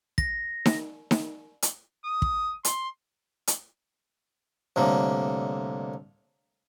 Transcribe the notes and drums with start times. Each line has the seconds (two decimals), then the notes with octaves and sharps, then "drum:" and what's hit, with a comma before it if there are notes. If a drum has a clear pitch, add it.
0.18 A#6, drum: kick
0.66 drum: snare D#4
1.11 drum: snare D#4
1.62 drum: hi-hat
2.05 D#6
2.22 drum: kick
2.65 C6, drum: hi-hat
3.47 drum: hi-hat
4.76 C2 A2 D3 A#3